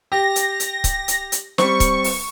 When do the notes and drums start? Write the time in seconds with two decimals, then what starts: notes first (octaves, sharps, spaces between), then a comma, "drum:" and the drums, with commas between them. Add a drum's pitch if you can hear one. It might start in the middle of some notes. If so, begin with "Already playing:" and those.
0.12 G4 A#6
0.36 drum: hi-hat
0.60 drum: hi-hat
0.84 drum: kick C#1, hi-hat
1.08 drum: hi-hat
1.32 drum: hi-hat
1.58 G3 C4 C#6, drum: snare
1.80 drum: kick C#1, hi-hat
2.04 drum: open hi-hat